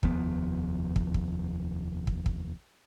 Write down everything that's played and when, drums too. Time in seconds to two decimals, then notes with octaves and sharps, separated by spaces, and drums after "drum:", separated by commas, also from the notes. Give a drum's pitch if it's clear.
0.03 F1 D#2 F3 B3, drum: kick
0.96 drum: kick
1.14 drum: kick
2.07 drum: kick
2.26 drum: kick